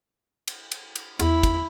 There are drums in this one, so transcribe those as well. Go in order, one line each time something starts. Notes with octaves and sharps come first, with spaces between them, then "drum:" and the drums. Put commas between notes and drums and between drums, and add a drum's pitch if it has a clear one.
drum: cymbal
drum: cymbal
drum: cymbal
E2 E4 B5, drum: cymbal
drum: kick, cymbal